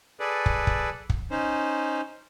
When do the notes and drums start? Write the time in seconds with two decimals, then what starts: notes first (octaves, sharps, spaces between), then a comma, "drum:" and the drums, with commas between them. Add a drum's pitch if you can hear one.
0.20 G#4 A4 B4 D5
0.46 drum: kick
0.67 drum: kick
1.10 drum: kick
1.31 C#4 D#4 C5